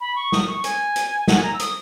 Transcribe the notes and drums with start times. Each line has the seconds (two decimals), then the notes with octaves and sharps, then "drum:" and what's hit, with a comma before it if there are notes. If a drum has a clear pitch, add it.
0.01 B5
0.16 C#6
0.32 D#6, drum: snare
0.48 C#6
0.64 G#5, drum: hi-hat
0.96 drum: hi-hat
1.28 F#5, drum: snare
1.36 G#5
1.43 A#5
1.54 E6
1.60 D#6, drum: hi-hat